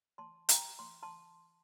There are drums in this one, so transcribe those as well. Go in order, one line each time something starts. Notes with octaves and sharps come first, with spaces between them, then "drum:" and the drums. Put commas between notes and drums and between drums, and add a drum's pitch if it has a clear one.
A5 C6
G5 A#5, drum: hi-hat
C6
A5 C6